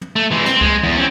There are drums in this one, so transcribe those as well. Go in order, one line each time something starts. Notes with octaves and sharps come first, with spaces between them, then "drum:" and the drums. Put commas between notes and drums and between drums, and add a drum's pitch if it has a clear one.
drum: tom
A3
E3 G#3
C4, drum: snare
G#3, drum: kick C#2
E2
C4 C#4